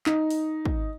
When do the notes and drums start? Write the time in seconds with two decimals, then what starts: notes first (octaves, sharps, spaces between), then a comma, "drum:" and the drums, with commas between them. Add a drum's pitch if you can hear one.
0.06 D#4, drum: clap
0.30 drum: open hi-hat
0.65 drum: kick